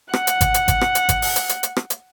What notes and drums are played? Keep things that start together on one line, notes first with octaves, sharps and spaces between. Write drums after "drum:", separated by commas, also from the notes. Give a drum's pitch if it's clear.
F#5, drum: rim click
drum: hi-hat
drum: kick G#1, hi-hat
drum: hi-hat
drum: kick G#1, hi-hat
drum: rim click
drum: hi-hat
drum: kick G#1, hi-hat
drum: open hi-hat
drum: hi-hat
drum: hi-hat
drum: hi-hat
drum: rim click
drum: hi-hat